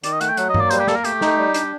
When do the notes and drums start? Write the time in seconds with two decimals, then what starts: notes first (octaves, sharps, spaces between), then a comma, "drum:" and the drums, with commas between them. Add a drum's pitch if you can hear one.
0.03 D#3 D5, drum: hi-hat
0.12 D#5
0.21 A3 F#5, drum: hi-hat
0.29 G5
0.37 F#3 F#5, drum: hi-hat
0.49 D#5
0.54 A#3, drum: tom G2
0.60 D5
0.70 G3 C5, drum: hi-hat
0.80 G4
0.87 A#3 A4, drum: snare
0.96 A#4
1.04 A3 G4, drum: hi-hat
1.21 D#4, drum: snare
1.38 G3
1.54 D4, drum: hi-hat